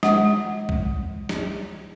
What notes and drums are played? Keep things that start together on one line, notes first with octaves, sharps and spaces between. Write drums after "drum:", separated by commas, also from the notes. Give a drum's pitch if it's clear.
G#3 F#5, drum: snare
drum: kick B1
drum: snare